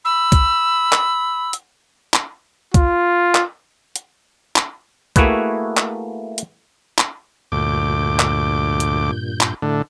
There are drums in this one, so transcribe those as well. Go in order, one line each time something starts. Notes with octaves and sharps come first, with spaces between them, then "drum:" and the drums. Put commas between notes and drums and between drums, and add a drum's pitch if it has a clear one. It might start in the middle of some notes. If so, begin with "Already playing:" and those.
B5 E6
drum: kick, hi-hat
drum: clap
drum: hi-hat
drum: clap
F4, drum: kick, hi-hat
drum: clap
drum: hi-hat
drum: clap
A3 A#3 E4 F#4 G#4 B4, drum: kick, hi-hat
drum: clap
drum: hi-hat
drum: clap
D2 G2 A#2 D6 G6
drum: clap
drum: hi-hat
drum: clap
A2 D3 A3